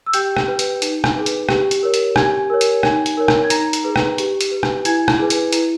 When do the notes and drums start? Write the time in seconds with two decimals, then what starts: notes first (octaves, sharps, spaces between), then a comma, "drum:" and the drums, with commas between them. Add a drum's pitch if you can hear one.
0.06 E6
0.13 G4 G5 G6, drum: hi-hat
0.37 drum: rim click
0.48 B4
0.59 drum: hi-hat
0.82 D#4, drum: hi-hat
1.04 drum: rim click
1.15 G#4 B4
1.26 drum: hi-hat
1.49 G4, drum: rim click
1.71 drum: hi-hat
1.83 A#4 C#5
1.94 drum: hi-hat
2.16 G4 G#5 G#6, drum: rim click
2.50 A#4 C#5
2.61 drum: hi-hat
2.83 D#4 G#5 G#6, drum: rim click
3.06 drum: hi-hat
3.17 A#4 C#5
3.28 drum: rim click
3.44 G#6
3.50 D#4 A#5 A#6, drum: hi-hat
3.73 drum: hi-hat
3.84 G#4 B4
3.96 drum: rim click
4.18 G4, drum: hi-hat
4.41 drum: hi-hat
4.51 B4
4.63 drum: rim click
4.85 E4 G#5 G#6, drum: hi-hat
5.08 drum: rim click
5.19 G#4 B4
5.30 drum: hi-hat
5.53 E4, drum: hi-hat